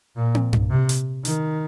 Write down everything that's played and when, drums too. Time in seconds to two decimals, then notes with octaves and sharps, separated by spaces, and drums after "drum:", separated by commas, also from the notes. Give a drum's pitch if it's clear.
0.17 A#2
0.35 drum: tom
0.53 drum: tom G2
0.71 C3
0.89 drum: hi-hat
1.25 D#3, drum: hi-hat